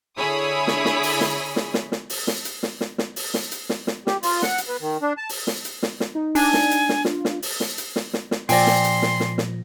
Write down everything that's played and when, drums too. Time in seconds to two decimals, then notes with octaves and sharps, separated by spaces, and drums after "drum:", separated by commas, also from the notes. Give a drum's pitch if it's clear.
0.18 D3 E4 G#4 C#5 B5 D#6
0.67 drum: snare
0.85 drum: snare
1.03 drum: open hi-hat
1.21 drum: snare
1.56 drum: snare
1.74 drum: snare
1.92 drum: snare
2.10 drum: open hi-hat
2.27 drum: snare
2.45 drum: hi-hat
2.63 drum: snare
2.81 drum: snare
2.98 drum: snare
3.16 drum: open hi-hat
3.34 drum: snare
3.52 drum: hi-hat
3.69 drum: snare
3.87 drum: snare
4.07 G4, drum: snare
4.23 F4, drum: open hi-hat
4.42 F#5, drum: snare
4.58 drum: hi-hat
4.68 B3
4.81 D#3
5.02 D4
5.17 A5
5.29 drum: open hi-hat
5.47 drum: snare
5.65 drum: hi-hat
5.83 drum: snare
6.00 drum: snare
6.15 D#4
6.35 D4 G#5, drum: open hi-hat
6.54 drum: snare
6.71 drum: hi-hat
6.89 drum: snare
7.05 F4, drum: snare
7.25 drum: snare
7.42 drum: open hi-hat
7.60 drum: snare
7.78 drum: hi-hat
7.96 drum: snare
8.14 drum: snare
8.31 drum: snare
8.49 A#2 F3 D5 G5 G#5 C6 A#6, drum: open hi-hat
8.67 drum: snare
8.85 drum: hi-hat
9.02 drum: snare
9.20 drum: snare
9.38 drum: snare